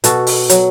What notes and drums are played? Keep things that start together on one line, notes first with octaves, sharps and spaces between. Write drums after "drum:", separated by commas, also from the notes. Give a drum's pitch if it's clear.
B2 F#4 A4, drum: hi-hat
drum: open hi-hat
F#3, drum: hi-hat